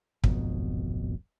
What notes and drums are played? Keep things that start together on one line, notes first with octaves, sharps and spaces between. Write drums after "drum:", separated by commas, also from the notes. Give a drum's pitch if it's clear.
D1 G#1 F2 B2, drum: kick